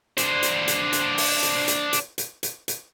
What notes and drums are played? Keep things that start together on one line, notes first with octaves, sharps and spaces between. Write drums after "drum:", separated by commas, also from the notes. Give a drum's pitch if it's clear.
D4 C5, drum: hi-hat
drum: hi-hat
drum: hi-hat
drum: hi-hat
drum: open hi-hat
drum: hi-hat
drum: hi-hat
drum: hi-hat
drum: hi-hat
drum: hi-hat
drum: hi-hat